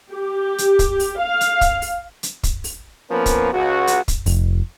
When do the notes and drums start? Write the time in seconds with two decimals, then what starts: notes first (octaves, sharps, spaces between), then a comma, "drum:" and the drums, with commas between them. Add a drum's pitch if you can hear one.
0.12 G4
0.58 drum: hi-hat
0.79 drum: kick, hi-hat
1.00 drum: open hi-hat
1.20 F5
1.41 drum: hi-hat
1.61 drum: kick, hi-hat
1.82 drum: open hi-hat
2.23 drum: hi-hat
2.43 drum: kick, hi-hat
2.64 drum: open hi-hat
3.11 F3 A#3 B3 C#4 A#4 B4
3.26 drum: kick, hi-hat
3.53 C#2 F#4
3.87 drum: hi-hat
4.08 drum: kick, hi-hat
4.26 F1, drum: open hi-hat